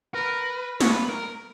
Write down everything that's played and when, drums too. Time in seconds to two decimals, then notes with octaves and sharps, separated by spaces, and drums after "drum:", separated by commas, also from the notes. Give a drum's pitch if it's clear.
0.14 A#4 B4
0.80 C#5, drum: snare
0.90 B4
1.09 A#4